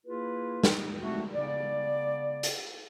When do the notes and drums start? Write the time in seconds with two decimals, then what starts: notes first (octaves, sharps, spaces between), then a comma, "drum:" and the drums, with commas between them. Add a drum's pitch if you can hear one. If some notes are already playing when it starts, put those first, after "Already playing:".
0.06 A#3 E4 F4 G#4 B4
0.64 drum: snare
1.01 A3 C4 F#4
1.35 C#3 B3 D5
2.43 drum: hi-hat